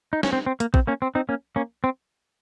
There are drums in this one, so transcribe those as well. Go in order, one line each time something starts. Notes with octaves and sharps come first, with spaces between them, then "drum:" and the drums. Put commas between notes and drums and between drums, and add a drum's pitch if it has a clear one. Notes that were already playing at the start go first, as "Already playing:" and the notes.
D#4
C#4, drum: snare
C4
C4
A#3, drum: hi-hat
C4, drum: kick
A#3 C#4
C4
C4 D#4
A#3 C#4
A#3 C#4
C4